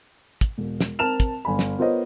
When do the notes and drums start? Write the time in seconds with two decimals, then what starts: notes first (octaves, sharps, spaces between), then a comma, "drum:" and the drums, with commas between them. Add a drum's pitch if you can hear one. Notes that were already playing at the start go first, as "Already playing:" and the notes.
0.41 drum: kick, hi-hat
0.58 E1
0.81 drum: snare
0.99 C4 A#4 A5 F6 E7 F7
1.20 drum: kick, hi-hat
1.45 G1 G#5 B5
1.59 drum: snare
1.79 B3 F4 A#4 C5 C#5 D#5